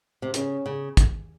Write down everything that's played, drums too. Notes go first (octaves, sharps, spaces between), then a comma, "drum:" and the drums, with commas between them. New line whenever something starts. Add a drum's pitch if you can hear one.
C3
C#3 C#4, drum: hi-hat
C#3
drum: kick, hi-hat